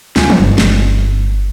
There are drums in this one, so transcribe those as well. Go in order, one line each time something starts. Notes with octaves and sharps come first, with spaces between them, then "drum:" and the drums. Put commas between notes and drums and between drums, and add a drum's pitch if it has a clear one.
D2 C#3 F4 G#5, drum: snare
drum: tom E3
G1 G2
drum: snare